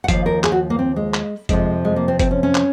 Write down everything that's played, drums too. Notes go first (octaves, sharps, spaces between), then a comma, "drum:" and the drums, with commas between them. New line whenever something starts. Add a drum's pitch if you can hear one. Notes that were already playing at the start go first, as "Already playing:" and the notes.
F#5
D#2 C#3 F3 F5, drum: kick F#1, hi-hat
A#4
G#4, drum: clap
F#4
A#3
C4
G#3
drum: clap
F2 C3 F3 G#3, drum: kick F#1, hi-hat
G#3
A#3
C4
C4, drum: kick F#1, hi-hat
C#4
C#4
drum: clap